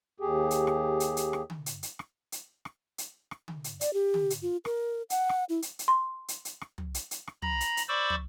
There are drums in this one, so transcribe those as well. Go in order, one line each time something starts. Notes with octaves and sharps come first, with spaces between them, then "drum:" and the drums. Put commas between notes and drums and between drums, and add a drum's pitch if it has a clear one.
D#2 G4 G#4
drum: hi-hat
drum: rim click
drum: hi-hat
drum: hi-hat
drum: rim click
drum: tom D3
drum: hi-hat
drum: hi-hat
drum: rim click
drum: hi-hat
drum: rim click
drum: hi-hat
drum: rim click
drum: tom D3
drum: hi-hat
D5, drum: hi-hat
G4
drum: tom D3
drum: hi-hat
F4
A#4, drum: rim click
F#5, drum: hi-hat
drum: rim click
E4
drum: hi-hat
drum: hi-hat
C6
drum: hi-hat
drum: hi-hat
drum: rim click
drum: tom
drum: hi-hat
drum: hi-hat
drum: rim click
A#5 B5 A#6, drum: tom
drum: hi-hat
drum: hi-hat
C5 D5 B5 C#6 D6 E6
drum: tom